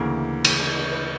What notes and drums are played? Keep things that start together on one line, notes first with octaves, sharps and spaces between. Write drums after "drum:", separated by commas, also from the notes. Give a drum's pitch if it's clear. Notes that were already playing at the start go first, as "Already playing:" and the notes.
Already playing: D2 C#3 E3 A#3
D2 C#3 E3 C#4, drum: cymbal
D4
D4
B4